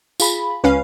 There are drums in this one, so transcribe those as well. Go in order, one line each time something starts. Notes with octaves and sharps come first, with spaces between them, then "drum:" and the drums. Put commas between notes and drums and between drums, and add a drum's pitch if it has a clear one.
F4 G#4 B5, drum: tambourine
C#2 C#4 B4 F5